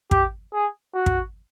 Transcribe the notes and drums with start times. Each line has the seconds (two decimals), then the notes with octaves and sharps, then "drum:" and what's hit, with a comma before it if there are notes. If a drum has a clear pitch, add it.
0.11 G4, drum: kick
0.54 G#4
0.95 F#4
1.06 drum: kick